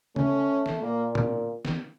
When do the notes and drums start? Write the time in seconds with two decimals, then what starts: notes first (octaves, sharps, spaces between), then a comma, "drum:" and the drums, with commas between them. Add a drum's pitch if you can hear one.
0.16 A3 C#4, drum: tom C#3
0.66 drum: snare
0.82 A#2 A#3
1.15 drum: tom
1.65 drum: snare